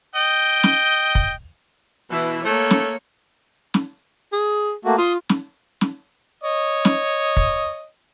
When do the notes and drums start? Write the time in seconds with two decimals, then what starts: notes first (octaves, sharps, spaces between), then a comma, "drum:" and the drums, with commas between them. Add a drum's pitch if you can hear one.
0.15 D#5 G5
0.63 drum: snare
1.15 drum: kick
2.11 B2 E3 E4
2.45 A3 A#3 C#5
2.71 drum: snare
3.74 drum: snare
4.33 G#4
4.85 A3 A#3 F#4
4.98 F4 C6 D#6
5.29 drum: snare
5.81 drum: snare
6.43 C#5 D#5
6.85 drum: snare
7.37 drum: kick